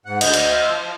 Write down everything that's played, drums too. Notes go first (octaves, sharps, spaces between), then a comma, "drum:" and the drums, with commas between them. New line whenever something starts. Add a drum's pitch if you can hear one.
G#2 F#5
D2 D3 D#5 G6, drum: cymbal
drum: cymbal
C5 E5 F6
F3
F3